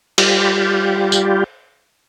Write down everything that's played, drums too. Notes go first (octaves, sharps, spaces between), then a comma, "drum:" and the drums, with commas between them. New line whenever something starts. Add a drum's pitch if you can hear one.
G3 F4 G4, drum: cymbal
drum: tambourine